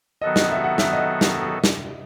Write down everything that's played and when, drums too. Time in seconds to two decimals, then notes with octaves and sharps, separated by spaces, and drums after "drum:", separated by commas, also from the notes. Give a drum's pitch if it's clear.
0.22 D#3 F#3 B3 F#4 A4 D#5
0.36 D#5, drum: snare
0.51 E5
0.64 F#5
0.78 E5, drum: snare
0.93 D#5
1.21 drum: snare
1.64 drum: snare